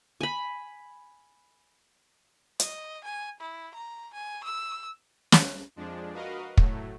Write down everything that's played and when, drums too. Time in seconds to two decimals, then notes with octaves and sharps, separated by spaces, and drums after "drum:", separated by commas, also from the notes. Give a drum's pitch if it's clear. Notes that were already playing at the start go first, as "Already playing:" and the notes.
0.21 G#5 B5
2.60 D#5, drum: hi-hat
3.04 G#5
3.40 E4
3.75 A#5
4.14 G#5
4.44 E6
5.32 drum: snare
5.76 F2 F3 G#3 D4
6.13 F#4 A#4 B4 D#5 F5
6.57 A2 F#3 A3, drum: kick